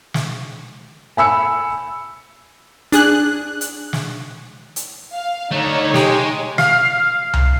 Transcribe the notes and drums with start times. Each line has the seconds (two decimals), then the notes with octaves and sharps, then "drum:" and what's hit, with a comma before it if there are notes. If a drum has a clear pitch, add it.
0.14 drum: snare
1.17 G#5 B5 E6 C#7
2.92 D4 G#4 F#6, drum: hi-hat
3.61 drum: hi-hat
3.93 drum: snare
4.76 drum: hi-hat
5.13 F5
5.52 D3 A3 D#4 C#5
5.94 G#3 G4, drum: snare
6.58 F5, drum: snare
7.34 drum: tom C2